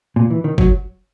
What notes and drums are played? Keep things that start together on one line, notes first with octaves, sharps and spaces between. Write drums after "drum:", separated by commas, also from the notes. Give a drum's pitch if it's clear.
A#2
E3
D#3
F#3, drum: kick G1